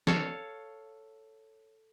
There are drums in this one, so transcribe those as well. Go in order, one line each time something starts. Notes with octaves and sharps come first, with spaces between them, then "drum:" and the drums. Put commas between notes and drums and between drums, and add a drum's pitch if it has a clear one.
A4 C#5 F5, drum: snare